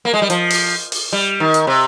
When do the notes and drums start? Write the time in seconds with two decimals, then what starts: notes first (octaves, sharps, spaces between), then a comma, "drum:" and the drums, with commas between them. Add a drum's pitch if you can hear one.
0.05 A#3
0.14 G#3
0.22 G3
0.30 F3, drum: hi-hat
0.50 drum: open hi-hat
0.92 drum: open hi-hat
1.13 G3
1.40 D#3
1.54 drum: hi-hat
1.67 C3